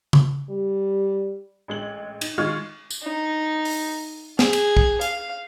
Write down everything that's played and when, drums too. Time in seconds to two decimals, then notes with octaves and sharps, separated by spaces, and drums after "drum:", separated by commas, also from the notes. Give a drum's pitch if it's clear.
0.13 drum: tom C#3
0.50 G3
1.68 A1 G#3 F#7
2.21 D#4, drum: cymbal
2.38 D#3 G#3 F4 C#6 F6 G#6
2.90 drum: tambourine
3.04 D#4
3.65 drum: open hi-hat
4.39 G#4, drum: snare
4.53 drum: cymbal
4.77 drum: kick
5.01 F5, drum: hi-hat